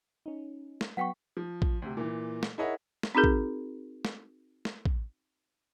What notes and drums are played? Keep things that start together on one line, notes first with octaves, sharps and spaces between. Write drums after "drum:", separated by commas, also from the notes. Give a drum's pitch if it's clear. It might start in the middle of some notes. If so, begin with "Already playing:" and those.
C#4 D#4
drum: snare
F#3 B3 F#5 G5 C#6 B6
F3
drum: kick
D2 C3
A#2 E3
drum: snare
E4 G#4 A#4 C#5 D#5 F#5
drum: snare
C4 D#4 F#4 G#4 A#4
drum: kick
drum: snare
drum: snare
drum: kick